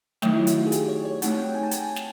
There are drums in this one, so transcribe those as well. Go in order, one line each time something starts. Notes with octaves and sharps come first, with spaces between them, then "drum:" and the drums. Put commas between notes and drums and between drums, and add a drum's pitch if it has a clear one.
D#3 F#3 A3 D#4, drum: snare
E4
F4
F#4, drum: hi-hat
G#4
G4, drum: hi-hat
C#5
C#5
A3 C4 D#4 F#5, drum: hi-hat
G5
G#5
A5
G#5, drum: hi-hat
drum: snare